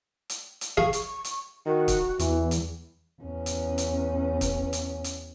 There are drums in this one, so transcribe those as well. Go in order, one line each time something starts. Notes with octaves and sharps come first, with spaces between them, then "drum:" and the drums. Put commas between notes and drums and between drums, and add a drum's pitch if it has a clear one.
drum: hi-hat
drum: hi-hat
G#4 F5 C#6
drum: hi-hat
drum: hi-hat
D#3 F#4
drum: kick, hi-hat
E2 E3, drum: hi-hat
drum: hi-hat
E2 C#4
drum: hi-hat
drum: hi-hat
drum: kick, hi-hat
drum: hi-hat
drum: hi-hat